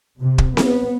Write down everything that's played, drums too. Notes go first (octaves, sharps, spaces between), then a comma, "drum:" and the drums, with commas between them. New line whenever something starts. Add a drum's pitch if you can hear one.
C3
drum: kick
B3, drum: snare C4